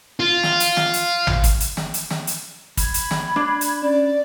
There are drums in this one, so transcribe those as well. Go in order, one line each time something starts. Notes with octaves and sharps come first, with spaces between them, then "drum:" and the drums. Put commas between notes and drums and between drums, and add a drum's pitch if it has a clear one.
F4
drum: snare
drum: hi-hat
drum: snare
drum: hi-hat
drum: tom
drum: kick, hi-hat
drum: hi-hat
drum: snare
drum: hi-hat
drum: snare
drum: hi-hat
B5 G#6, drum: kick, hi-hat
drum: hi-hat
drum: snare
D4
drum: hi-hat
C#4 D5